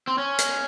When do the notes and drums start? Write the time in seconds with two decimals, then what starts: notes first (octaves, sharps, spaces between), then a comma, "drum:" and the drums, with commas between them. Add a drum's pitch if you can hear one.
0.08 C4
0.18 C#4
0.38 drum: hi-hat